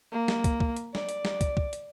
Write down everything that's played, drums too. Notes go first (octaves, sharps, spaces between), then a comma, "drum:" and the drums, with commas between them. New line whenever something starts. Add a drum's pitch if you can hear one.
A#3
drum: snare
drum: kick, hi-hat
drum: kick
drum: hi-hat
D5, drum: snare
drum: hi-hat
drum: snare
drum: kick, hi-hat
drum: kick
drum: hi-hat